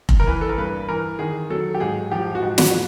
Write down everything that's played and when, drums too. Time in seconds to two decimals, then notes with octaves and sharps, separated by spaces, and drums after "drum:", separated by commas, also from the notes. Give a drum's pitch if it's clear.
0.09 drum: kick F1
0.20 A#4
0.27 E3 B4
0.41 A4
0.49 A#4
0.58 G2 B4
0.89 E3 A#4
1.19 D#3 G#4
1.50 F#3 A4
1.75 G4
1.80 G#2 G#4
2.11 F3 G4
2.35 F#4
2.43 G#2
2.58 F#4, drum: snare